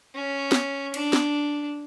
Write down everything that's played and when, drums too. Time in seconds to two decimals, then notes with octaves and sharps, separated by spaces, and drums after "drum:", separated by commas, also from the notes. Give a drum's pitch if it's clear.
0.15 C#4
0.52 drum: snare
0.94 D4, drum: cymbal
1.13 drum: snare